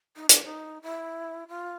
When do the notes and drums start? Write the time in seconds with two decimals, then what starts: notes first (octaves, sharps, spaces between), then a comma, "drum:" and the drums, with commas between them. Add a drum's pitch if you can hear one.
0.16 D#4
0.29 D4, drum: hi-hat
0.44 D#4
0.82 E4
1.48 F4